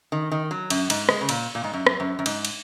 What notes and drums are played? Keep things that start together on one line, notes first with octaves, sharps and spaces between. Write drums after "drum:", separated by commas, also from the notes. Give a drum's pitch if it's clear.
D#3
D#3
F#3
F#2, drum: cymbal
G#2, drum: cymbal
G#3, drum: rim click
C#3
A#2, drum: cymbal
A#2
G#2
F#2
drum: rim click
F#2
F#2
G#2, drum: cymbal
drum: cymbal